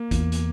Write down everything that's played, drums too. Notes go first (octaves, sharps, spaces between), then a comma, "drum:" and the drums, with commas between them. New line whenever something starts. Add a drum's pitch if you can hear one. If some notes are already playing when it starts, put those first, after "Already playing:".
Already playing: A#3
E2, drum: kick A1, hi-hat
drum: hi-hat